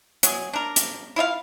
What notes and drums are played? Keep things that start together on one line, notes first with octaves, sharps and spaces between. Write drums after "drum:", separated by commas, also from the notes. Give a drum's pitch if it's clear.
F#3 G#4, drum: hi-hat
D4 A#4
drum: hi-hat
E4 F4 E5 F5